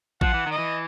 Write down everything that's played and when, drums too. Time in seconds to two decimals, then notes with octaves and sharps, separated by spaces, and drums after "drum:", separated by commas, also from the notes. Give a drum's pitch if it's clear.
0.21 F3 F#5, drum: kick A#1
0.34 E3
0.47 D#3 D#5
0.58 E3